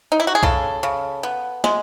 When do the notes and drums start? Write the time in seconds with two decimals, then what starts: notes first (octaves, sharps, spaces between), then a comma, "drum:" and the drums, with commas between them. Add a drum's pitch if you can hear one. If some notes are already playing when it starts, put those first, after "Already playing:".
0.12 D#4
0.20 E4
0.27 F#4
0.35 G#4
0.43 C#3 A4, drum: kick B1
0.83 C#3
1.23 B3
1.64 G#3, drum: snare